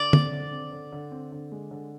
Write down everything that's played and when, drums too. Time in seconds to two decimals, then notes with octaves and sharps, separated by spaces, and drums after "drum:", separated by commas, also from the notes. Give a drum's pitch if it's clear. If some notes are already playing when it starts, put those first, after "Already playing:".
Already playing: D3 D5
0.13 C4, drum: tom
0.33 D3
0.52 C4
0.72 D3
0.92 D3
1.12 C4
1.32 D3
1.52 G#3
1.71 D3